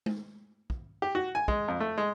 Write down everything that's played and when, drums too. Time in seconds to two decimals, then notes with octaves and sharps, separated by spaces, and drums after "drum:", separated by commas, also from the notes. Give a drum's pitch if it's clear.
0.06 drum: tom G#3
0.70 drum: kick
1.02 G4
1.15 F#4
1.35 G#5
1.48 G#3, drum: kick
1.68 F2
1.80 A3
1.98 G#3